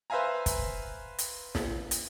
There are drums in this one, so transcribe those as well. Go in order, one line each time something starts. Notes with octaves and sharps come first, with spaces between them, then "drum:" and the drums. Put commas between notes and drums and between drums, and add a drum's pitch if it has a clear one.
B4 C5 E5 F5 G#5 A#5
drum: kick, hi-hat
drum: hi-hat
drum: snare
drum: hi-hat